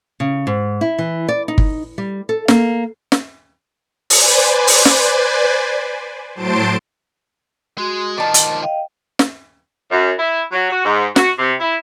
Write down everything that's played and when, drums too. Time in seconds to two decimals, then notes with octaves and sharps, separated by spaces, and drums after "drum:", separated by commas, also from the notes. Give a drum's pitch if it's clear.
0.20 C#3
0.47 G#2
0.81 E4
0.99 E3
1.28 D5
1.48 D#4
1.58 drum: kick G1
1.98 G3
2.29 A4
2.48 A#3, drum: snare
3.12 drum: snare
4.10 B4 C5 D5 G#5, drum: open hi-hat
4.67 drum: open hi-hat
4.85 drum: snare
6.35 A2 F#3 C5 A5 C6 D7
7.78 G#3 F#4 C6
8.18 D#3 F3 D5 D#5 A5
8.34 drum: hi-hat
8.62 D#5 F5 G5
9.19 drum: snare
9.91 F#2
10.19 E4
10.52 F#3
10.70 F#4
10.85 G#2
11.16 F#4, drum: snare
11.39 C3
11.60 E4